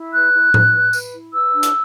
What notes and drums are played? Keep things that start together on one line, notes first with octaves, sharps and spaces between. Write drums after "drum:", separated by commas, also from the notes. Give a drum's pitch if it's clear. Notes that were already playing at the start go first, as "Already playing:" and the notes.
Already playing: E4
B4 F#6
E4
E4, drum: tom A2
B4
B4, drum: tambourine
E4
B4 E6
D4
drum: hi-hat